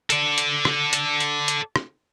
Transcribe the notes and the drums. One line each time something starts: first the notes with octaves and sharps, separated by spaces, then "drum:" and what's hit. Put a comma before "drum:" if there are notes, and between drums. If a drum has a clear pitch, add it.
A4 D5, drum: hi-hat
drum: hi-hat
drum: rim click
drum: hi-hat
drum: hi-hat
drum: hi-hat
drum: rim click